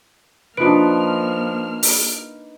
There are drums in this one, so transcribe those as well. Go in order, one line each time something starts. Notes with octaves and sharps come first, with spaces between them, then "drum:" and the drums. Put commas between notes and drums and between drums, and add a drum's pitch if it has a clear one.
F3 A#3 D4 D#4 F4 B4 F6 D7
drum: open hi-hat